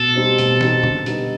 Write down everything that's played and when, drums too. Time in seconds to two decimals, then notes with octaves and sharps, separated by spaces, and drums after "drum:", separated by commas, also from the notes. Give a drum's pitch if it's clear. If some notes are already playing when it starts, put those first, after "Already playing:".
Already playing: B2 A4
0.15 G3 C4 D#4
0.38 B2, drum: hi-hat
0.61 G3 C4 D#4, drum: snare
0.84 D3, drum: tom
1.06 G3 B3 D#4, drum: hi-hat